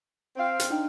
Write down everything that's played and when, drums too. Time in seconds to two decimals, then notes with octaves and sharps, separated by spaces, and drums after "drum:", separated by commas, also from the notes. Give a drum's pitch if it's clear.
0.36 C4 F5
0.60 drum: hi-hat
0.70 D4 D#4 G5